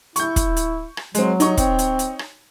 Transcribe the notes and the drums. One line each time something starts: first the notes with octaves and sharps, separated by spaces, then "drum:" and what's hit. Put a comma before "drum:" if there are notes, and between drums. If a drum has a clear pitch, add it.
E4 C#6 G6, drum: hi-hat
drum: kick, hi-hat
drum: hi-hat
drum: rim click
F#3 G#3 C4, drum: hi-hat
D#4 C#5 C#6, drum: hi-hat
C4, drum: kick, hi-hat
drum: hi-hat
drum: hi-hat
drum: rim click